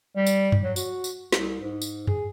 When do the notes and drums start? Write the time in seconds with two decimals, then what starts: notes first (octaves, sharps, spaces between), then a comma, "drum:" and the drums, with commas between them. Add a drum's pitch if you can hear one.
0.16 G3
0.27 drum: tambourine
0.52 drum: tom F#2
0.63 F#3
0.76 F#4, drum: tambourine
1.04 drum: tambourine
1.33 C2, drum: snare
1.61 G#2
1.82 drum: tambourine
2.07 G#4, drum: tom F#2